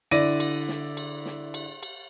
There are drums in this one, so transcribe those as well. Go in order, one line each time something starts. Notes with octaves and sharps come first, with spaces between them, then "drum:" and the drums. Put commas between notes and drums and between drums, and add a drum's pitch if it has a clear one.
D3 E4 D5 A#6 D#7, drum: cymbal
drum: cymbal
drum: snare
drum: cymbal
drum: snare
drum: cymbal
drum: cymbal